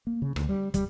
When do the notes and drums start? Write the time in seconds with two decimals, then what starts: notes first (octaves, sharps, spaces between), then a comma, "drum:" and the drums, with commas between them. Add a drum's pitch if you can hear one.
0.07 A#3
0.22 C#3
0.36 D2, drum: rim click
0.49 G3
0.74 G3, drum: kick, hi-hat